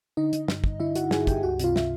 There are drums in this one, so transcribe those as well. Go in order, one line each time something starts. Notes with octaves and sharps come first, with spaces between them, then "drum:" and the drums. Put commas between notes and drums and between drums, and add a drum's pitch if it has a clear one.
D3 D#4 D#5
D3, drum: hi-hat
G2, drum: snare
G2, drum: kick
D3 E4 E5
D3 F#4 F#5, drum: hi-hat
G2 G#4 G#5, drum: snare
G2 G4 G5, drum: kick, hi-hat
C#2 F#4 F#5
C3 F4 F5, drum: hi-hat
E5, drum: snare